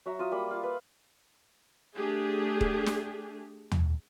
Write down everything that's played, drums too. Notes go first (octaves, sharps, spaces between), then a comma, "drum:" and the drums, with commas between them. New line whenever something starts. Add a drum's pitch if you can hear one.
F#3 F#4 E5 A#5
F4 D#6
G3 A#3 B5
F4 F5
B4
A3 D4 G4 G#4
drum: kick
drum: snare
drum: tom